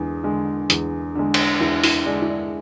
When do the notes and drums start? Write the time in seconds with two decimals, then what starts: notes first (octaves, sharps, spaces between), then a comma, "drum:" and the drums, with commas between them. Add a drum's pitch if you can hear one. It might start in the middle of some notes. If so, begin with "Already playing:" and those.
Already playing: E2 D3 G#3 G#4
0.24 D3 G#3
0.70 E2, drum: hi-hat
1.15 D3 G#3
1.34 drum: cymbal
1.60 E2 E4
1.83 E4, drum: open hi-hat
2.06 D3 G#3 D4
2.22 E4
2.29 D4